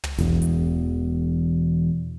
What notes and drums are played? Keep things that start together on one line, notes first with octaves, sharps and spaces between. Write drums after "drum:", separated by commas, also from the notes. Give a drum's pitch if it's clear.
drum: tom
E1 E2, drum: snare
drum: hi-hat